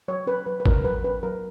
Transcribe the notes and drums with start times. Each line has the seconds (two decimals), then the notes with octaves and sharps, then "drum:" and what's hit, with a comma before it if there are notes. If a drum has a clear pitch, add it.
0.08 F#3 C#5
0.27 C#4 B4
0.46 F#3 B4
0.60 B4
0.66 C#4 A#4, drum: kick
0.85 F#3 B4
1.04 C#4 B4
1.23 F#3 A#4